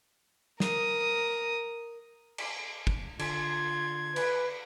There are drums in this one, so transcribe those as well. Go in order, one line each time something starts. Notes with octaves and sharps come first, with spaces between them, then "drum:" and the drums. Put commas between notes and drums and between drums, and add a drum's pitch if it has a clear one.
A#4 D#6, drum: snare
drum: cymbal
drum: kick
D3 F4 G#6, drum: cymbal
B4, drum: cymbal